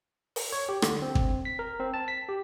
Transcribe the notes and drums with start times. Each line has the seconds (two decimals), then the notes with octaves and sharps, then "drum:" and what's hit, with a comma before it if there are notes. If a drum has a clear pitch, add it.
0.36 drum: open hi-hat
0.52 C#5
0.69 G4
0.82 D3, drum: rim click
1.02 C4
1.15 drum: kick
1.45 B6
1.59 A#4
1.80 C4
1.94 A5
2.08 B6
2.28 G4